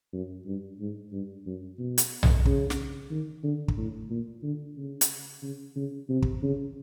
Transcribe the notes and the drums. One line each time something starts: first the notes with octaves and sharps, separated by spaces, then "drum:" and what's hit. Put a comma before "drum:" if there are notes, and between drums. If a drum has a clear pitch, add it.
F#2
G2
G#2
G2
F#2
B2
drum: hi-hat
drum: tom B1
C#3, drum: kick
drum: snare
D#3
D3
drum: kick
A2
A#2
D3
C#3
drum: hi-hat
C#3
C#3
C3
drum: kick
C#3